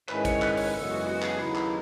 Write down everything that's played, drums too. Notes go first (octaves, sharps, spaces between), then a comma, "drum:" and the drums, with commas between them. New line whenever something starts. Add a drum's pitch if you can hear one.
G#2 D#3 G#3 C#4 E4 B4, drum: clap
C#5, drum: kick, hi-hat
B4, drum: clap
C#5, drum: open hi-hat
B4
F#2 C#3 E3 G#3 B3 A4
F#4
F#4
G#4, drum: clap
D#2 C#3 F#3 B3 D#4 E4
drum: clap